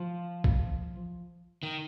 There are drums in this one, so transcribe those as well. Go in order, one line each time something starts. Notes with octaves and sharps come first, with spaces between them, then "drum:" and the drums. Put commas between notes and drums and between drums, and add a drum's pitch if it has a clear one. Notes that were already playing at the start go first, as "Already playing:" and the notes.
Already playing: F3
drum: kick
D#3